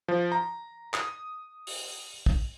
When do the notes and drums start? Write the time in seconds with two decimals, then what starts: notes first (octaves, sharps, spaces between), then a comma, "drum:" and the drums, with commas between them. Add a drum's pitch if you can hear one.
0.08 F3
0.32 A#5
0.94 D#6, drum: clap
1.67 drum: open hi-hat
2.26 drum: kick